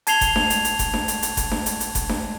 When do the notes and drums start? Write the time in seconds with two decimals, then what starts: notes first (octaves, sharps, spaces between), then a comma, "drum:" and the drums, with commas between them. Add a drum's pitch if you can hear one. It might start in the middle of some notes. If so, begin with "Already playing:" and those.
0.07 A5 G#6 C7 F7 G7, drum: hi-hat
0.21 drum: kick F#1, hi-hat
0.36 drum: snare D4
0.50 drum: hi-hat
0.65 drum: hi-hat
0.79 drum: kick F#1, hi-hat
0.94 drum: snare D4
1.08 drum: hi-hat
1.23 drum: hi-hat
1.37 drum: kick F#1, hi-hat
1.51 drum: snare D4
1.66 drum: hi-hat
1.80 drum: hi-hat
1.95 drum: kick F#1, hi-hat
2.09 drum: snare D4